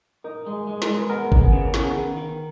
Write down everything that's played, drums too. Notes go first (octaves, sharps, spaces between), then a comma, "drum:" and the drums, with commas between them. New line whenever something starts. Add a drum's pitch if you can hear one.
D#4 A#4
G#3
G#4
G#3
A#4, drum: snare
G#3
B4
B3 A#4
B3, drum: kick G#1
G#4
C#3
A#4
B3 G#4, drum: snare
A#4
D#3
D#3